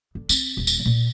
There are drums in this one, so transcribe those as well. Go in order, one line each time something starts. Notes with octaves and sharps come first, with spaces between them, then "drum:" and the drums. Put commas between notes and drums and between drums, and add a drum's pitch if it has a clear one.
D3
C4, drum: tambourine
D#1
drum: tambourine
A#2